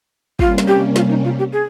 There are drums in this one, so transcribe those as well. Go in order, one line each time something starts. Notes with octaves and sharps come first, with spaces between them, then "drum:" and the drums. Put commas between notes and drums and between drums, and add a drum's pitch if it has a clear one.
C3 G3 A#3 C#4 F4, drum: kick
drum: snare
G4
F4, drum: snare
D#4
F4
G4
G#4